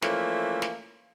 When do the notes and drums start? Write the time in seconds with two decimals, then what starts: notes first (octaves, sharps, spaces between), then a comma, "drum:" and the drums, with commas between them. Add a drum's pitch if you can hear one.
0.02 E3 F3 A3 A#3 C#4, drum: snare
0.62 drum: snare